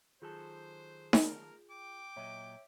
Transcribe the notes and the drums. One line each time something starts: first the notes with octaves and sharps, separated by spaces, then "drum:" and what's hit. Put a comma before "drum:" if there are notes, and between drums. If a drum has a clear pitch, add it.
D#3 F#3 F4 G#4 A4 C5 G6
drum: snare D#4
A#4
G5 D6
A#2 F#3 C#5 D#5 E5